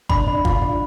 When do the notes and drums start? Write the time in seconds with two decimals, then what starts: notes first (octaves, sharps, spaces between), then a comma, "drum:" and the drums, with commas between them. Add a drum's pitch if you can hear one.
0.09 D4 B5, drum: kick G1
0.28 D4
0.45 F4, drum: kick G1
0.62 D4